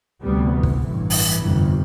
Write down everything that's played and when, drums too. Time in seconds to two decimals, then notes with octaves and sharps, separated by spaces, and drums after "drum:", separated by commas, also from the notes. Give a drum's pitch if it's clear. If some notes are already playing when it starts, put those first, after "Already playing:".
0.22 D2 C3 G3 B3
0.52 E3
0.63 drum: kick
0.80 A1
0.85 G2
1.10 E3, drum: open hi-hat
1.39 G1 F2 C3